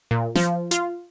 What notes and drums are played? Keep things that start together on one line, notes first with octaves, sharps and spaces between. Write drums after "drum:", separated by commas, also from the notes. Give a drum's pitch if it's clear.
A#2
F3, drum: snare
F4, drum: hi-hat